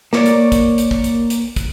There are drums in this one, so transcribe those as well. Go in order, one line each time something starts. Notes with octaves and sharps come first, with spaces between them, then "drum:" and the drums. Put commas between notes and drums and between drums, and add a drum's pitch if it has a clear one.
A#3 C#5 D5, drum: snare
drum: hi-hat
drum: kick, hi-hat
drum: hi-hat
drum: kick
drum: hi-hat
drum: hi-hat
drum: kick, hi-hat